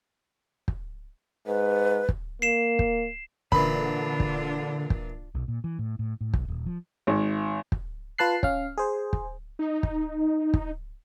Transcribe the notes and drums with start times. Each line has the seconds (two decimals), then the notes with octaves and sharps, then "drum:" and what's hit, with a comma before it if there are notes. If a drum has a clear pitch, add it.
0.68 drum: kick
1.47 G#2 B4
2.09 drum: kick
2.42 A#3 C7 E7
2.79 drum: kick
3.52 A#2 D3 E3 D4 F4 B5, drum: kick
4.20 drum: kick
4.90 drum: kick
5.35 B1
5.48 A#2
5.64 E3
5.79 A2
5.99 A2
6.21 A2
6.34 B1, drum: kick
6.48 D#1
6.66 F3
7.07 G#1
7.72 drum: kick
8.18 F4 B4 A5 F#6 C7
8.43 C#4 F5, drum: kick
8.78 G#4 C5
9.13 drum: kick
9.59 D#4
9.83 drum: kick
10.54 drum: kick